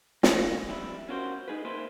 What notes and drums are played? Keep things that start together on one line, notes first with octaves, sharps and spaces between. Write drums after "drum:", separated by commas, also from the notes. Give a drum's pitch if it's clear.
A#3 C#4, drum: snare
F2 G3 E4
C#4 F4 F#4 A#4 C5
D#4 G#4 B4
A#3 E4 B4 C5